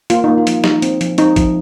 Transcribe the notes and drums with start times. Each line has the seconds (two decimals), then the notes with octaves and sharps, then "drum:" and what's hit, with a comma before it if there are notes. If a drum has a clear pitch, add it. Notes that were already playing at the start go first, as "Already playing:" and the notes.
0.10 A#3 F4, drum: hi-hat
0.24 A#3 D#4
0.38 F4
0.47 F3, drum: hi-hat
0.64 F3 D#4, drum: snare
0.82 C4, drum: hi-hat
1.01 F3, drum: hi-hat
1.18 C4 D#4, drum: hi-hat
1.36 F3, drum: kick A1, hi-hat